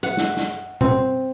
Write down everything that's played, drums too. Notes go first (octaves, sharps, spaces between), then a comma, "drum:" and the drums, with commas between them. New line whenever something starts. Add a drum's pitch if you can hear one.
F#5, drum: cymbal
drum: snare
drum: snare
C4, drum: tom B2